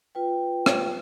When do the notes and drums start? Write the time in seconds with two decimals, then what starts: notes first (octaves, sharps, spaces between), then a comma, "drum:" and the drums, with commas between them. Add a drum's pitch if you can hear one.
0.15 F4 B4 G5
0.66 drum: rim click